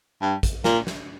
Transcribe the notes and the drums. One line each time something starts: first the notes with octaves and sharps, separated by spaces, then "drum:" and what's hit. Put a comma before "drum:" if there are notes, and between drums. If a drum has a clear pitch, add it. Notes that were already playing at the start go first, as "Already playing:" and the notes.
G2
drum: kick, hi-hat
A#2, drum: snare
drum: snare